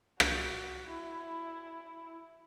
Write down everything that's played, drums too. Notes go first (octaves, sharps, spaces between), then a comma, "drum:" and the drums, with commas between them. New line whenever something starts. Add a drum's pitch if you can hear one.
F#4, drum: rim click
E4